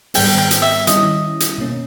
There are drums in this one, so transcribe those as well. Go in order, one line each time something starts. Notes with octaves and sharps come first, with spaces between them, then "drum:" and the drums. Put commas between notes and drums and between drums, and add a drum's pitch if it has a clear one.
G#2 D#3 G3 B3 G5, drum: open hi-hat
G5
drum: hi-hat
E5
D#3 G3 C#4 E4 D#5, drum: hi-hat
drum: hi-hat
B2 A#3 C#4